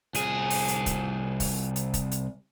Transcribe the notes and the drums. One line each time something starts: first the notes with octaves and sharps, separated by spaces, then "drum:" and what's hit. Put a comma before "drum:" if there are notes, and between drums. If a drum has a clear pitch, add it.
C2 G#4, drum: hi-hat
drum: open hi-hat
drum: hi-hat
drum: kick, hi-hat
drum: kick, open hi-hat
drum: hi-hat
drum: kick, hi-hat
drum: hi-hat